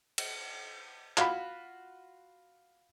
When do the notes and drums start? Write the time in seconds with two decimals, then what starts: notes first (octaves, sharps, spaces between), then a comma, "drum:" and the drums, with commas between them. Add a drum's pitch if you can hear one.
0.18 drum: cymbal
1.17 F4 F#4 B5, drum: clap